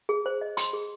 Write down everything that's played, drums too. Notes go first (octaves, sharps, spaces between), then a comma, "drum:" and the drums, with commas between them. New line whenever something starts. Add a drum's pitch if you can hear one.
G#4
C5
D#5
C6, drum: hi-hat
G#4